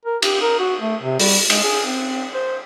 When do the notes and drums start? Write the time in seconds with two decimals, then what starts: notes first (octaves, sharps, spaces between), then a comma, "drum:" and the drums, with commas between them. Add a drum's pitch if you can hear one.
0.05 A#4
0.22 G4, drum: cymbal
0.42 A#4
0.59 F#4
0.81 A3
1.03 C3
1.19 G3, drum: open hi-hat
1.50 G#3, drum: cymbal
1.63 G#4
1.86 C4
2.34 C5